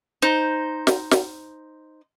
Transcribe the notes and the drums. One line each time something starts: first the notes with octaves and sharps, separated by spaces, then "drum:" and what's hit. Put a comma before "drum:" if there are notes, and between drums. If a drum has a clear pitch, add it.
D#4 C5
drum: snare
drum: snare